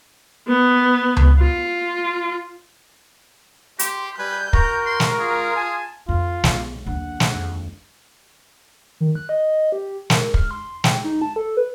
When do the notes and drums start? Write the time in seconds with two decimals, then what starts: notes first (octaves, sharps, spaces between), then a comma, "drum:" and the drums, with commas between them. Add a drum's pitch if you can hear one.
0.48 B3
1.17 drum: tom C#2
1.39 F4
3.79 G4 C6, drum: hi-hat
4.19 G3 B4 G#5 G6
4.53 F#4 A#4 A#5, drum: kick
4.86 C6
5.00 drum: snare
5.20 F4 G#4
5.56 G#5 A5
6.09 F2 F4
6.44 B1 B2, drum: snare
6.86 D#2 D4 F#5
7.20 drum: snare
7.35 F2
9.00 D#3
9.15 F#6
9.29 D#5
9.72 G4
10.10 A#4, drum: snare
10.34 F6, drum: kick
10.51 C6
10.84 G5, drum: snare
11.04 D#4
11.22 A5
11.36 A4
11.57 B4